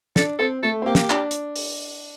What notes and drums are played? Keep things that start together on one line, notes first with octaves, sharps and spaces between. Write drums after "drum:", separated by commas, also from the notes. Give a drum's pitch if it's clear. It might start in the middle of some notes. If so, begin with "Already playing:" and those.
D4 A4, drum: snare
C4 A4
A3 A4
C4
A#3 G4
drum: snare
D4, drum: clap
drum: hi-hat
drum: open hi-hat